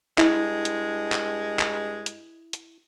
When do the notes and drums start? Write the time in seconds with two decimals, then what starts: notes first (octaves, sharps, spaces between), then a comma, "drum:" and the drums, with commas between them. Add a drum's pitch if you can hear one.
0.18 G2 G#3 E4, drum: clap
0.65 drum: hi-hat
1.12 drum: clap
1.59 drum: clap
2.06 drum: hi-hat
2.53 drum: hi-hat